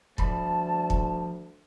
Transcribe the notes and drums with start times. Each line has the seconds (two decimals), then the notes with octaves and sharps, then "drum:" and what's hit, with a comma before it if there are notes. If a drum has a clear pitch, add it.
0.18 D2 F3 G3 A5 B5, drum: kick
0.90 drum: kick